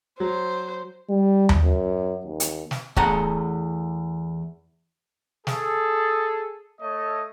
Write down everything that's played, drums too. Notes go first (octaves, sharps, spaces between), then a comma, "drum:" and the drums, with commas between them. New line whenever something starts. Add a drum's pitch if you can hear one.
F#3 C5
G3
drum: tom D#2
F#2
D#2
drum: hi-hat
drum: snare
E2 A3 F#5 A#5, drum: kick C#1
G#4 A4, drum: snare
A3 A4 C#5 D#5